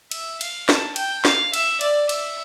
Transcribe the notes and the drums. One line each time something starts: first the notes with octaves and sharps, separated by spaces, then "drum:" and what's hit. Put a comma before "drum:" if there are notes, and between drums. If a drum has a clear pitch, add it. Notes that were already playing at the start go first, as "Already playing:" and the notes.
E5, drum: cymbal
F5, drum: cymbal
A5, drum: snare
G5, drum: cymbal
F5, drum: snare
E5, drum: cymbal
D5, drum: cymbal
E5, drum: cymbal